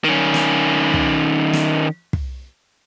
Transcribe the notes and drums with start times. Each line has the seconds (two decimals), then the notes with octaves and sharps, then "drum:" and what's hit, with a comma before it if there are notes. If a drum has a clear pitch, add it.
0.04 D#3 C#4
0.34 drum: snare
0.94 drum: kick
1.53 drum: snare
2.13 drum: kick